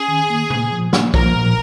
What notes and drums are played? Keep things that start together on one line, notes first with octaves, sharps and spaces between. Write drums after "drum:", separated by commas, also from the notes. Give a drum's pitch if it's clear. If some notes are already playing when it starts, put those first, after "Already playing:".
Already playing: C#4 G#4
D#3
A#3
A#2, drum: tom C3
F3
A#3, drum: snare
F3 A#4, drum: kick
A#2